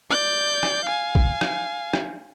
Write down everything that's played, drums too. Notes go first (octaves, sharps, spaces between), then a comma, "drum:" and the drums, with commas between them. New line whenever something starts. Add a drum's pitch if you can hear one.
D5 G6
drum: rim click
F5 G#5
drum: kick
drum: rim click
drum: rim click